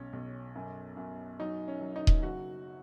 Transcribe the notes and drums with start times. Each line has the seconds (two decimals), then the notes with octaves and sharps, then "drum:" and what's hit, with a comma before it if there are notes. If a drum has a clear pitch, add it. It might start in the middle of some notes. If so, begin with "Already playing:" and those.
Already playing: B1 C#4
0.13 B1
0.55 F#2
0.97 F#2
1.39 F#3 D#4
1.68 C#4
1.81 F#3
1.96 D#4
2.07 drum: kick D#1
2.23 F#1 F#4